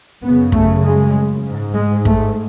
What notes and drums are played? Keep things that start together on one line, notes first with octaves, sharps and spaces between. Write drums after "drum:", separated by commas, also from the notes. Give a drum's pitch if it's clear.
F#2 C#3 B3
A3, drum: kick
G#3
G#2
G#3
A3, drum: kick